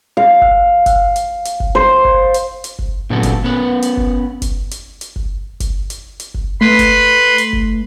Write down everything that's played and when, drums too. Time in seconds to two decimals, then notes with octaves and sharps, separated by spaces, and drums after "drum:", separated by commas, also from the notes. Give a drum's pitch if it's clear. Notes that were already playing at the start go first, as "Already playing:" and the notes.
0.17 F5
0.42 drum: kick
0.86 drum: kick, hi-hat
1.16 drum: hi-hat
1.45 drum: hi-hat
1.60 drum: kick
1.75 C5
2.05 drum: kick
2.34 drum: hi-hat
2.64 drum: hi-hat
2.79 drum: kick
3.10 A#2 D3 F#3 B3 C#4 A4
3.23 drum: kick, hi-hat
3.44 B3 C#4 B4
3.82 drum: hi-hat
3.97 drum: kick
4.42 drum: kick, hi-hat
4.71 drum: hi-hat
5.01 drum: hi-hat
5.16 drum: kick
5.60 drum: kick, hi-hat
5.90 drum: hi-hat
6.20 drum: hi-hat
6.34 drum: kick
6.61 A3 B4 B5 C6
6.79 drum: kick, hi-hat
7.38 drum: hi-hat
7.53 drum: kick